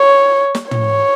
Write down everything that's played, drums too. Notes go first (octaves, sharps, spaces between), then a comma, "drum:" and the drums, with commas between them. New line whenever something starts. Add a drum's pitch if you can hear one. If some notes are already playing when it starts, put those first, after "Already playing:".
Already playing: C#5
drum: snare
C#5, drum: tom